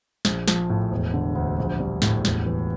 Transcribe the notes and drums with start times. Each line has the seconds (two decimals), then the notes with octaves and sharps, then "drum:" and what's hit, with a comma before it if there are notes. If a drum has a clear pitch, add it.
0.25 A#1, drum: snare
0.48 F3, drum: snare
0.70 A2
0.91 E1
1.14 D3
1.35 D2
1.58 A#1
1.80 G3
2.02 A2, drum: snare
2.25 E1, drum: snare
2.46 E3